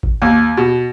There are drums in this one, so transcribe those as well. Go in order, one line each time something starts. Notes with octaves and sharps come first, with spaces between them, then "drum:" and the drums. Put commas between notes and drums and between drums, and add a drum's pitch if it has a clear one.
drum: kick G#1
D#2
B2